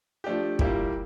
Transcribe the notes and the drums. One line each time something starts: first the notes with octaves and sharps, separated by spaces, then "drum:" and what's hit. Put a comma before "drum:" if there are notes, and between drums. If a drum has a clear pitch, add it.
F3 A3 D4 G4
A#2 G3 A#3 E4 G4, drum: kick